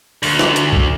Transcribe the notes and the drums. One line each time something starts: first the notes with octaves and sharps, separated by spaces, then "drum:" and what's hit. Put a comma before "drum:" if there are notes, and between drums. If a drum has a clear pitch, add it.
D2, drum: open hi-hat
drum: snare
drum: hi-hat
drum: kick